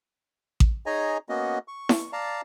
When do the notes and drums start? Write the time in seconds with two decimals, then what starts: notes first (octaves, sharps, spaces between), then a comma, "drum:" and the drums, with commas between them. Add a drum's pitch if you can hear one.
0.60 drum: kick A1
0.86 D#4 G#4 C#5 D#5 G#5 A#5
1.29 A#3 B3 C#4 F#4 D#5
1.68 C#6
1.89 drum: snare E4
2.13 D5 F5 A5 A#5